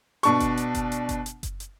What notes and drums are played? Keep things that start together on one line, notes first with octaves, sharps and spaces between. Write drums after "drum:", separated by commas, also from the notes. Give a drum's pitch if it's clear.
B2 D4 C#6, drum: hi-hat
drum: kick F#1, hi-hat
drum: hi-hat
drum: kick F#1, hi-hat
drum: hi-hat
drum: kick F#1, hi-hat
drum: hi-hat
drum: kick F#1, hi-hat
drum: hi-hat